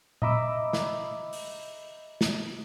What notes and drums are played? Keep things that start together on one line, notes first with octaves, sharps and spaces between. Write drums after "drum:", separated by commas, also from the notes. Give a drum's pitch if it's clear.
D#5 E5 A#5 B5 D6 E6, drum: tom A#2
drum: snare
drum: open hi-hat
drum: snare